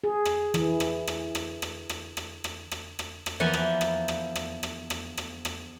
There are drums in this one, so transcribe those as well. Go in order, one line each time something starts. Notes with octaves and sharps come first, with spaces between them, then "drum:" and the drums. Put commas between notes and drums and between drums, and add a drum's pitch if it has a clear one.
G#4
drum: rim click
E3, drum: rim click
drum: rim click
drum: rim click
drum: rim click
drum: rim click
drum: rim click
drum: rim click
drum: rim click
drum: rim click
drum: rim click
drum: rim click
E2 F3 A#3 B4 G#5
drum: rim click
drum: rim click
drum: rim click
drum: rim click
drum: rim click
drum: rim click
drum: rim click
drum: rim click